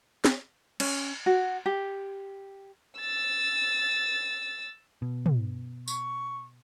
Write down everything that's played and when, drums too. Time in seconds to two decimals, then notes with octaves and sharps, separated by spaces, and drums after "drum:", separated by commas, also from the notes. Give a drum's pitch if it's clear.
0.25 drum: snare
0.80 C#4, drum: cymbal
1.26 F#4
1.66 G4
3.00 E6 A6
5.02 B2
5.26 drum: tom
5.88 C#6, drum: tambourine